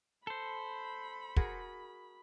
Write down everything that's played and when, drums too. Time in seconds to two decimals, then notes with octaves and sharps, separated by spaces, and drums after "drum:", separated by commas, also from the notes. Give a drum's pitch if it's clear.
0.27 A4 C5 B5
1.36 F#4 G#4 A#4, drum: kick